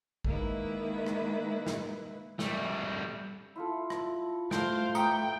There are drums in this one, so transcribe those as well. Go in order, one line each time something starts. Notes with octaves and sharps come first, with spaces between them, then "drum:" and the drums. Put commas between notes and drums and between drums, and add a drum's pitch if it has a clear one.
D#3 G#3 A#3 E4 B4, drum: kick A#1
drum: rim click
drum: snare
G3 A3, drum: snare
E4 F4 A4
drum: rim click
A3 C5 F5 A5 D7, drum: snare
B4 D5 E5 G5 A#5 D#6 C#7, drum: tambourine